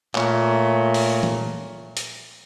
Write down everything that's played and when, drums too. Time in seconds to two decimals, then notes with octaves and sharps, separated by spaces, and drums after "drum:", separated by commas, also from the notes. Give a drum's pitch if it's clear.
0.15 A#2 A3 C#5, drum: clap
0.94 drum: open hi-hat
1.23 drum: tom
1.97 drum: hi-hat